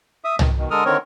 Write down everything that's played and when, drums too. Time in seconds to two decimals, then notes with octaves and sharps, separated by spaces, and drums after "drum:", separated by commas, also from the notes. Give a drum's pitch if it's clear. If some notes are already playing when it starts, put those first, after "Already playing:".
0.24 E5 D#6
0.39 D#3, drum: tom
0.57 B2 D#3
0.71 D3 G#3 A4 A#4 D#6 F6
0.85 D3 D#3 C4 A#4 C#5